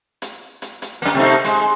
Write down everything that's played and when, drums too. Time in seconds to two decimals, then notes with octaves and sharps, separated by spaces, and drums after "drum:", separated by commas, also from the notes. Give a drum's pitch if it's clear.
0.22 drum: hi-hat
0.62 drum: hi-hat
0.82 drum: hi-hat
1.02 F#2 A#3
1.15 C3 A3 D#4
1.44 G#3, drum: hi-hat